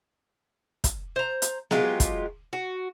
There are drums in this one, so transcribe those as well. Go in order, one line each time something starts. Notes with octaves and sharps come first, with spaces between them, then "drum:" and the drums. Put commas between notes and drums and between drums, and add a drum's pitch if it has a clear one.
drum: kick, hi-hat
C5 A#5
drum: hi-hat
F#3 G#3 F4 G4, drum: snare B3
drum: kick, hi-hat
F#4